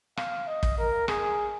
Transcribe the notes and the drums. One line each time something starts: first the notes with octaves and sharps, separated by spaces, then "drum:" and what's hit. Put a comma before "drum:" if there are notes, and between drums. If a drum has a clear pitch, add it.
F5, drum: rim click
D#5
drum: kick
A#4
G#4, drum: rim click